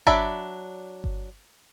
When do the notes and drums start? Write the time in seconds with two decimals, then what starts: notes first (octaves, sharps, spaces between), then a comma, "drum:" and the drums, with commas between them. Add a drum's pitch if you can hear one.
0.07 F#3 D4 D5 E5 B5, drum: kick G1
1.04 drum: kick G1